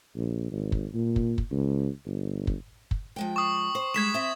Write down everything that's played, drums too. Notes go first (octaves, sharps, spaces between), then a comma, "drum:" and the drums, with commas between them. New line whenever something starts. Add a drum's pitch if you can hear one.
A#1
G#1
drum: kick
A#2
drum: kick
drum: kick
C#2
G1
drum: kick
drum: kick
F3 G#3 G5
C#6 D#6
C5
G3 G#3 G#4 G#6 B6 E7
C4 E5